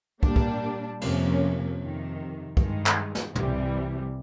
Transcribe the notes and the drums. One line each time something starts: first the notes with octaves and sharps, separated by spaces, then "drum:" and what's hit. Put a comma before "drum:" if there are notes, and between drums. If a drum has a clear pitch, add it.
A#2 G3 A#3 D4, drum: kick
drum: kick
F2 C3 F3 A#3 C#4, drum: cymbal
F2 C3 D#3
G2 D#3 G#3, drum: kick
drum: clap
drum: snare
C2 C3 E3 G3, drum: tom